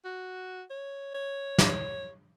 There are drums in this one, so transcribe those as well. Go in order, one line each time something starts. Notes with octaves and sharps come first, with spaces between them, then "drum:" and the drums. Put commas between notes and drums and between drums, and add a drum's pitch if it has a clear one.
F#4
C#5
C#5
drum: snare